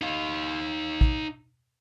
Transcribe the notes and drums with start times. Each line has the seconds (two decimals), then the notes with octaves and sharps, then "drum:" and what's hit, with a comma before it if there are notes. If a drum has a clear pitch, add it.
0.01 D#4 F5
1.01 drum: kick